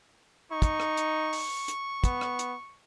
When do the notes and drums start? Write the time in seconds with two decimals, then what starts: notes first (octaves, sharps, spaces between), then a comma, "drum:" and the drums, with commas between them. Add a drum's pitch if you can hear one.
0.52 D#4 C#6
0.62 drum: kick, hi-hat
0.80 drum: rim click
0.97 drum: hi-hat
1.33 drum: open hi-hat
1.68 drum: hi-hat
2.04 B3, drum: kick, hi-hat
2.21 drum: rim click
2.39 drum: hi-hat